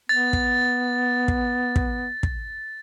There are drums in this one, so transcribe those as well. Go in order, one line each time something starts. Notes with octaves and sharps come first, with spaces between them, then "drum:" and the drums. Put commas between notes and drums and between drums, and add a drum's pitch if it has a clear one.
B3 A6
drum: kick
drum: kick
drum: kick
drum: kick